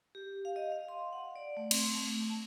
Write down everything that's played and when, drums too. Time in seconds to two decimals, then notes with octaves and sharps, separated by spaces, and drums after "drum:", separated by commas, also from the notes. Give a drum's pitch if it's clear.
0.15 G4
0.45 F5
0.56 D#5
0.72 F5
0.88 C6
1.13 F#5
1.36 D5
1.57 A3
1.71 C4, drum: cymbal
1.95 A3
2.29 A5